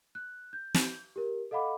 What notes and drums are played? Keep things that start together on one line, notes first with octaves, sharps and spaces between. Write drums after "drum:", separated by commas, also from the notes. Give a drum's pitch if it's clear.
F#6
G6
drum: snare
G4 A#4
A4 D#5 F5 F#5 B5 D6